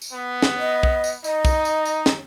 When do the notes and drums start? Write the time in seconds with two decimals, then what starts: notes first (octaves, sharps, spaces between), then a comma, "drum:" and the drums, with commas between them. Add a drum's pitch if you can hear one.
0.02 drum: tambourine
0.13 B3
0.42 drum: snare
0.59 D#5
0.83 drum: kick
1.04 drum: tambourine
1.24 D#4 D#5, drum: tambourine
1.45 drum: kick, tambourine
1.65 drum: tambourine
1.85 drum: tambourine
2.06 drum: snare